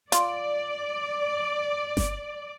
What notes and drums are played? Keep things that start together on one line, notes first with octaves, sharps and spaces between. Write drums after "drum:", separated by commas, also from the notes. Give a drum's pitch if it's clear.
F4 D5, drum: hi-hat
drum: snare G1